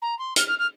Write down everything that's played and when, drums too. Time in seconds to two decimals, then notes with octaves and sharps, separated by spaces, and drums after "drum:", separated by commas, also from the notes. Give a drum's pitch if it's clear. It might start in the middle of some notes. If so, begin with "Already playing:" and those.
0.02 A#5
0.18 C6
0.36 F6, drum: hi-hat
0.47 F6
0.58 F6